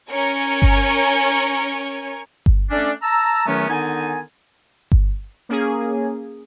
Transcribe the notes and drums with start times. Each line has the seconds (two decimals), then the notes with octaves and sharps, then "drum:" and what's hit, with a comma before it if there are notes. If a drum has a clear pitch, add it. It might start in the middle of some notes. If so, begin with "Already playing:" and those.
0.11 C#4 A#4 G#5 G#6 C#7
0.62 drum: kick G1
2.46 drum: kick G1
2.70 A3 C#4 D4
3.02 A5 A#5 E6
3.47 E2 D#3 F#3 A3 B3 C#4
3.69 D3 D#3 B3 D#4 G#5
4.92 drum: kick G1
5.49 A#3 C#4 G#4